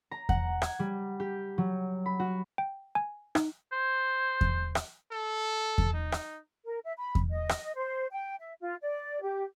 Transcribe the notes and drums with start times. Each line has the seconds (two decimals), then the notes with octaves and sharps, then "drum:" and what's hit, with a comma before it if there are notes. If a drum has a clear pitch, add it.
0.11 A#5
0.29 F#5, drum: kick E2
0.62 G#6, drum: rim click
0.79 G3
1.20 G4
1.58 F#3
2.06 B5
2.20 F#4
2.58 G5
2.95 G#5
3.35 D#4, drum: rim click
3.72 C5
4.41 drum: kick E2
4.75 drum: rim click
5.12 A4
5.78 drum: kick E2
5.94 D#4
6.12 drum: rim click
6.65 A#4
6.84 E5
6.98 B5
7.15 drum: kick E2
7.31 D#5
7.49 drum: rim click
7.75 C5
8.11 G5
8.40 E5
8.61 F4
8.82 D5
9.22 G4